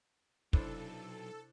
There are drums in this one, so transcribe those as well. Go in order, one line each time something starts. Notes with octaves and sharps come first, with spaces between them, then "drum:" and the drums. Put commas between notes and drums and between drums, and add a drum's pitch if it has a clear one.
B1 C3 D4 E4 A4 C5 B5, drum: kick